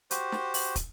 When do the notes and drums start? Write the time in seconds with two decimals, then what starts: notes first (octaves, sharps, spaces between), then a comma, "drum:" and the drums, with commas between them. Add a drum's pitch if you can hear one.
0.11 F#4 G4 C5, drum: hi-hat
0.32 drum: snare
0.54 drum: open hi-hat
0.76 drum: kick, hi-hat